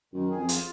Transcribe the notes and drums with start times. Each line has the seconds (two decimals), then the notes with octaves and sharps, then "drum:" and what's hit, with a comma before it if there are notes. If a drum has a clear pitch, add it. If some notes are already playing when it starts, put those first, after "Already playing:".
0.13 F#2 D#3
0.31 G#4
0.38 F2
0.49 F4, drum: hi-hat